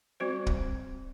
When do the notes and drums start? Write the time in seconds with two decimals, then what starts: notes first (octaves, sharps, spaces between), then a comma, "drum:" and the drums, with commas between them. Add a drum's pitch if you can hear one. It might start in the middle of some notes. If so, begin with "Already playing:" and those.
0.20 G3 C4 F#4 C5
0.47 drum: kick